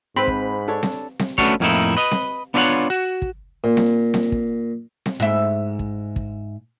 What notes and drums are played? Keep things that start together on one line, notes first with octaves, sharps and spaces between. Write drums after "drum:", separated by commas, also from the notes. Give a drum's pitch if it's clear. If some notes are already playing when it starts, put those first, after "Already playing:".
G#2 C4 B4 C5 B5
drum: kick
D4 A4 C#5
drum: snare C4
drum: snare C4
A3 B3 C#4 D4 F#4 C#5, drum: kick
F2 A2 A#3 B3 D#4 E4
B4 D#5
drum: snare C4
B3 D4 F4 G#4 C#5 F#5
F#4
drum: kick
A#2
drum: snare C4
drum: snare C4
drum: kick
drum: snare C4
G#2 E5
drum: kick
drum: kick